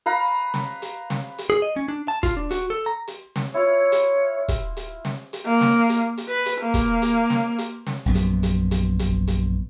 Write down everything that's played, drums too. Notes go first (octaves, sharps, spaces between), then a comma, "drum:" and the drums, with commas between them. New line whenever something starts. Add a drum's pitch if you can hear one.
B4 F5 A#5 B5
drum: snare
drum: hi-hat
drum: snare
drum: hi-hat
G#4
D#5
C#4
D4
A5
F4, drum: kick, hi-hat
D4
F#4, drum: hi-hat
A4
A#5
drum: hi-hat
drum: snare
E4 F4 C#5 F5
drum: hi-hat
drum: kick, hi-hat
drum: hi-hat
drum: snare
drum: hi-hat
A#3
drum: snare
drum: hi-hat
drum: hi-hat
B4
drum: hi-hat
A#3
drum: kick, hi-hat
drum: hi-hat
drum: snare
drum: hi-hat
drum: snare
A#1 F#2 B3
drum: hi-hat
drum: hi-hat
drum: hi-hat
drum: kick, hi-hat
drum: hi-hat